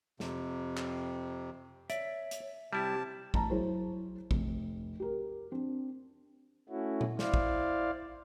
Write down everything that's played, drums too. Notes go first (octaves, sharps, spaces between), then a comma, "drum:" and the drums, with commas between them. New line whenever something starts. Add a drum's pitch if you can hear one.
F2 C3, drum: snare
drum: clap
C#5 D5 E5, drum: hi-hat
drum: hi-hat
C3 G3 E4 G4 A5
A1 A5 A#5, drum: kick
F#3 E4 G#4 C5 C#5
F1, drum: kick
G4 A#4
C4 D4
A3 C#4 E4 F#4
drum: tom A#2
E4 C5 D5 F5, drum: snare
drum: kick